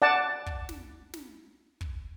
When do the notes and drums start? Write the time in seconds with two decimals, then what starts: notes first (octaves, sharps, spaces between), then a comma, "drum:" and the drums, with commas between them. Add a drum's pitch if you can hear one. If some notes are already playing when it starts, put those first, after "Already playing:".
0.02 D5 F#5 A5
0.46 drum: kick
0.69 drum: snare
1.14 drum: snare
1.81 drum: kick